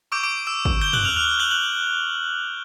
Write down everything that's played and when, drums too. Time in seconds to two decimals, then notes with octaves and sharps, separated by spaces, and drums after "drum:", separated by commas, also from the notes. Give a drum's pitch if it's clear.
0.12 C#6 D6 E6 G6 D7
0.23 D6 D7
0.47 E6 E7
0.65 drum: kick
0.81 G6 G7
0.93 F#6 F#7, drum: tom
1.05 F6 F7
1.16 F6 F7
1.40 F#6 F#7
1.51 F#6 F#7